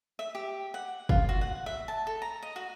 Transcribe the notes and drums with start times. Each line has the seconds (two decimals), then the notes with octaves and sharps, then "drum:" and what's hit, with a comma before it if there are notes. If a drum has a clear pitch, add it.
0.19 E5
0.35 G4
0.74 F#5
1.09 F4, drum: kick F#1
1.29 F#4
1.41 F#5
1.66 E5
1.88 A5
2.07 A4
2.22 A#5
2.43 D#5
2.56 F#4